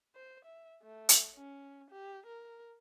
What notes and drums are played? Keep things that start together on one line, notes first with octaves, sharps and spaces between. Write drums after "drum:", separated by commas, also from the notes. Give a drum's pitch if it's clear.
C5
E5
A3
drum: hi-hat
C#4
G4
A#4